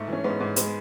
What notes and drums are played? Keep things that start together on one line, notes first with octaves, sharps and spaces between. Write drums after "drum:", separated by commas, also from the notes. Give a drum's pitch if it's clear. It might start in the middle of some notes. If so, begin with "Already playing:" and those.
Already playing: G#2 A3
E3 C#4
G#2 G#3 B3
G#2
G#3 B3, drum: hi-hat